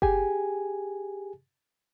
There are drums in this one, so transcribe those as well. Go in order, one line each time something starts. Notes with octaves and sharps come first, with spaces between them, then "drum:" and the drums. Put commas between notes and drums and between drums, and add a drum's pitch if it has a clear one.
G4 G#4 G#5, drum: kick F#1